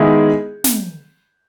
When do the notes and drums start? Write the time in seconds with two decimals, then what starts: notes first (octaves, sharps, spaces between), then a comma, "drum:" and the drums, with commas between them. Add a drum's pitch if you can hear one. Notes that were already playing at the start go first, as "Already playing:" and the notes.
Already playing: D#3 G#3 B3 E4 G#4
0.64 drum: snare